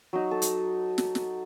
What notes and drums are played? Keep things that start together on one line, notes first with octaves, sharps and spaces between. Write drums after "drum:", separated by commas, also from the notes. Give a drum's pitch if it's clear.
F#3 D#4
A4
drum: hi-hat
drum: snare
drum: snare